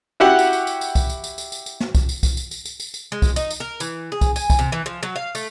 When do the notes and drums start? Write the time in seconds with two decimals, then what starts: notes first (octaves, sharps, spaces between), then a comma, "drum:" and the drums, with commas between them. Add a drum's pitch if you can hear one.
0.20 E4 F#4 G4 F#5
0.39 drum: tambourine
0.53 drum: tambourine
0.67 drum: tambourine
0.81 drum: tambourine
0.95 drum: kick, tambourine
1.10 drum: tambourine
1.24 drum: tambourine
1.38 drum: tambourine
1.52 drum: tambourine
1.66 drum: tambourine
1.80 drum: snare
1.95 drum: kick, tambourine
2.09 drum: tambourine
2.23 drum: kick, tambourine
2.37 drum: tambourine
2.51 drum: tambourine
2.65 drum: tambourine
2.80 drum: tambourine
2.94 drum: tambourine
3.12 G#3
3.22 drum: kick, tambourine
3.36 D#4, drum: tambourine
3.51 drum: tambourine
3.60 A#4
3.80 E3, drum: tambourine
4.12 G#4
4.21 drum: kick, tambourine
4.36 G#5, drum: tambourine
4.50 drum: kick, tambourine
4.59 C3
4.72 E3
4.86 F3
5.03 F#3
5.16 F5
5.35 A3, drum: tambourine